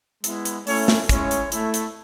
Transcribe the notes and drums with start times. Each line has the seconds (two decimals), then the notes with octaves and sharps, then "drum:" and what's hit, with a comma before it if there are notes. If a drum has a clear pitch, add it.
0.24 G#3 B3 E4, drum: hi-hat
0.45 drum: hi-hat
0.67 A3 C#4 E4 C#5, drum: open hi-hat
0.88 drum: snare
1.09 G#3 C#4 E4 C#5, drum: kick, hi-hat
1.31 drum: hi-hat
1.52 A3 E4, drum: hi-hat
1.74 drum: hi-hat